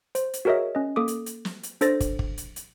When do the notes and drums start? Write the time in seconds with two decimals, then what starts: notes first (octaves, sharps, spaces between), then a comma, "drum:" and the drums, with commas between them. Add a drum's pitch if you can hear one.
0.15 C5, drum: hi-hat
0.34 drum: hi-hat
0.45 F#4 G#4 A#4 C#5 D#5 E5
0.75 C#4 D#5
0.96 A#3 A4 D6 D#6
1.08 drum: hi-hat
1.26 drum: hi-hat
1.45 drum: snare
1.63 drum: hi-hat
1.81 D4 A4 C5 A6 A#6, drum: hi-hat
2.00 drum: kick, hi-hat
2.19 drum: kick
2.38 drum: hi-hat
2.56 drum: hi-hat